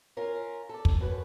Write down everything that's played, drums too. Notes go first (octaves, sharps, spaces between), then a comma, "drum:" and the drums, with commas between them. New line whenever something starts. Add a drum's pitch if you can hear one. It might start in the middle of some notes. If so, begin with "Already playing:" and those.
C#4 F4 A#4
A4 D5
drum: kick
F#2 B4 C#5